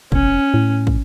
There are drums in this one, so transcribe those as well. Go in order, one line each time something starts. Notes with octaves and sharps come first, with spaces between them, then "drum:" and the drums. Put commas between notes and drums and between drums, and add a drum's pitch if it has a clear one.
F1 C#4, drum: kick
A2
drum: kick